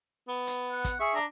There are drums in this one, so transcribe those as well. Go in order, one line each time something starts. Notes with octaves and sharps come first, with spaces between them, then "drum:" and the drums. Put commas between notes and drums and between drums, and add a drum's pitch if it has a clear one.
B3
drum: hi-hat
F#5
drum: kick, hi-hat
G#4 E5 C#6
D4 A#5